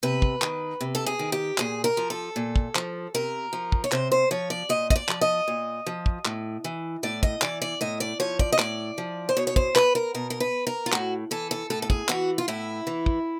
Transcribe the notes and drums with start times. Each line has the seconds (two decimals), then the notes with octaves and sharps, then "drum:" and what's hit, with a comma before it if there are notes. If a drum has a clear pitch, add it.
0.03 C3 B4
0.22 drum: kick
0.42 D#3, drum: clap
0.81 C3
0.95 A4
1.06 G#4
1.19 D#3
1.32 G4
1.58 A#2 G#4, drum: clap
1.84 A#4
1.97 F3
2.10 A4
2.36 A#2
2.56 drum: kick
2.75 F3, drum: clap
3.14 C3 A#4
3.53 F3
3.72 drum: kick
3.84 C#5
3.92 C3 C5, drum: clap
4.12 C5
4.31 F3 C#5
4.50 D5
4.69 A#2 D#5
4.90 D#5, drum: kick
4.96 D5
5.09 F3, drum: clap
5.21 D#5
5.48 A#2
5.87 F3
6.06 drum: kick
6.25 A2, drum: clap
6.64 E3
7.03 A2 D5
7.23 D#5, drum: kick
7.42 E3 D5, drum: clap
7.62 D5
7.81 A2 D#5
8.00 D5
8.20 F3 C#5
8.39 D5, drum: kick
8.52 D#5
8.58 A2 D5, drum: clap
8.98 F3
9.29 C5
9.37 B2 C#5
9.47 C#5
9.56 C5, drum: kick
9.76 B4, drum: clap
9.95 A#4
10.14 B2 A#4
10.30 A#4
10.40 B4
10.67 A#4
10.86 F4
10.92 A2 F#4, drum: clap
11.31 E3 A4
11.51 A4
11.70 A2 A4
11.82 A4
11.90 G#4, drum: kick
12.09 E3 F#4, drum: clap
12.38 F4
12.48 A2 E4
12.87 E3
13.06 drum: kick